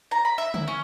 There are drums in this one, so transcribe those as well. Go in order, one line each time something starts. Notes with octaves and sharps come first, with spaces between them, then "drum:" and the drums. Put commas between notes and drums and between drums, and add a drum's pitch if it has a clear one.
A#5
B5
E5
E4, drum: tom D3
C#4